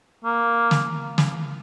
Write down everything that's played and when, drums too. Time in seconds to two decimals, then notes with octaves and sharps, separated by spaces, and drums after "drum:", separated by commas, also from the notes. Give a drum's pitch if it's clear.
0.24 A#3
0.71 drum: snare
1.18 drum: snare